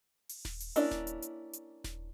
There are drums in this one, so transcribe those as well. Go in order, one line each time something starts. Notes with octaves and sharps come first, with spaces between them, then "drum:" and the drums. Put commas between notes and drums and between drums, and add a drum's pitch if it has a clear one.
drum: open hi-hat
drum: snare D#1
drum: open hi-hat
A#3 C#4 D4 E4 D#5, drum: hi-hat
drum: snare D#1
drum: hi-hat
drum: hi-hat
drum: hi-hat
drum: snare D#1